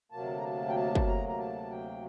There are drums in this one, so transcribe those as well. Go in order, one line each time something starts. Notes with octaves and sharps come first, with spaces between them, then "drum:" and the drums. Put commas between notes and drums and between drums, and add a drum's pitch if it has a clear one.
D2 C3 F#3 A#3 A5
A#5
A5
G5
A5
drum: kick
A#5
A#5
A5
G5